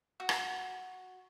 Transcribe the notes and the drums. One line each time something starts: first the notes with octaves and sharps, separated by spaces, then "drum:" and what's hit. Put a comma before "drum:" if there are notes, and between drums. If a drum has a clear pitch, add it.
F#4
drum: rim click